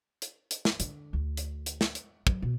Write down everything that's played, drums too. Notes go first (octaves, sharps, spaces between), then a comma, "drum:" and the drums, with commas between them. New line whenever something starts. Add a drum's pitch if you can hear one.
drum: hi-hat
drum: hi-hat
drum: snare
D3, drum: hi-hat
D2
drum: hi-hat
drum: hi-hat
drum: snare
drum: hi-hat
F#3, drum: kick
B2